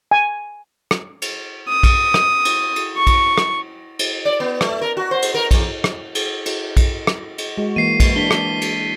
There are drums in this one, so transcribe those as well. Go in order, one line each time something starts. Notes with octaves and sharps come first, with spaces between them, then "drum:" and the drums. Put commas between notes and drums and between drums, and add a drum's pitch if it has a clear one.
G#5
drum: rim click
drum: cymbal
D#6
drum: kick A#1, cymbal
drum: rim click
drum: cymbal
drum: cymbal
C#6
drum: kick A#1, cymbal
drum: rim click
drum: cymbal
D5
B3
A3, drum: rim click
A#4
F#4
C5
drum: cymbal
A#4
E2, drum: kick A#1, cymbal
drum: rim click
drum: cymbal
drum: cymbal
drum: kick A#1, cymbal
drum: rim click
drum: cymbal
G#3 F#4
E3 A#3 C7 D#7
drum: kick A#1, cymbal
D4 B6 G7
drum: rim click
drum: cymbal